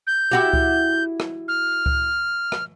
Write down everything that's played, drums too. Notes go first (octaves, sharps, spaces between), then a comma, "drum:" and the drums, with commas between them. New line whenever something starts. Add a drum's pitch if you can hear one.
G6
E4 F#4 G4
drum: kick C#2
drum: rim click
F6
drum: kick C#2
drum: rim click